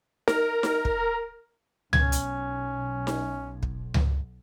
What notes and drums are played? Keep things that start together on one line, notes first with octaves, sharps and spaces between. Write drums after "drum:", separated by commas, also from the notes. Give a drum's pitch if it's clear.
A#4, drum: snare D#4
drum: snare D#4
drum: kick
B1 C#4 G#6, drum: tom C#2
drum: hi-hat
drum: snare D#4
drum: kick
drum: tom C#2